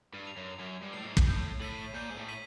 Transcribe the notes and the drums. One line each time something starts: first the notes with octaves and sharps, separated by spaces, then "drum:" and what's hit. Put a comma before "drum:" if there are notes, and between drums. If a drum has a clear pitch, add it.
G2
C7 F7
F#2
F#2 G#6
G2
A2 C7 F7
G#2
drum: kick
A2 G6
A2 B6 D#7 F#7
A#2 G6
G#2
A2
B6 D#7 F#7